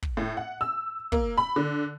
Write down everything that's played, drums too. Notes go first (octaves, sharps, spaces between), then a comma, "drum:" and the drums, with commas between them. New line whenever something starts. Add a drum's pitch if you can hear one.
drum: kick
A2
F#5
E6
A#3, drum: kick
B5
D3